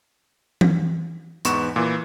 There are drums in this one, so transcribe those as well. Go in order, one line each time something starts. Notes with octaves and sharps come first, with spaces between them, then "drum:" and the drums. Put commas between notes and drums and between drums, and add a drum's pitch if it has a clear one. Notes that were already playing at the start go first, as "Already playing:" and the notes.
drum: tom E3
E2 G#2 B3 C#6 E7, drum: hi-hat
A#2 E3